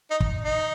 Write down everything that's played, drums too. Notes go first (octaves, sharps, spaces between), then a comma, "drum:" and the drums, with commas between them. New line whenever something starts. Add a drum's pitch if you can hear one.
D#4
drum: kick
D#4